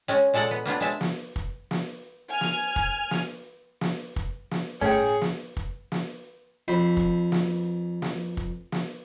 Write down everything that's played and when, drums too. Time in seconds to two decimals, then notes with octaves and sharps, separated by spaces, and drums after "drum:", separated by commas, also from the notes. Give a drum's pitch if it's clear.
0.08 G#3 C#4 D#5
0.34 A#2 G#3 A4 D5 F#5
0.51 B3
0.66 A#3 B3 D4 F4
0.81 G#3 E5 A5
1.01 drum: snare
1.36 drum: kick
1.71 drum: snare
2.32 G#5 F6
2.41 drum: snare
2.76 drum: kick
3.11 drum: snare
3.81 drum: snare
4.16 drum: kick
4.51 drum: snare
4.81 G1 A2 C#4 G#4 G5 C#7
5.22 drum: snare
5.57 drum: kick
5.92 drum: snare
6.68 F2 C5 B5
6.97 drum: kick
7.32 drum: snare
8.02 drum: snare
8.37 drum: kick
8.72 drum: snare